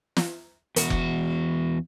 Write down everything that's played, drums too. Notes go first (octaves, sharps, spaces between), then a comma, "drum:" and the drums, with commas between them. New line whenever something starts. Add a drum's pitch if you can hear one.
drum: snare
E2 F#4, drum: hi-hat
drum: kick F1